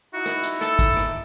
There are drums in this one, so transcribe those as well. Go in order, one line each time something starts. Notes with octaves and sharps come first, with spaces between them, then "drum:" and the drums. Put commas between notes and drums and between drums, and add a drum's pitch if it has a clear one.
D#4 E4 F#4
drum: rim click
drum: hi-hat
A4, drum: rim click
drum: kick, hi-hat
drum: rim click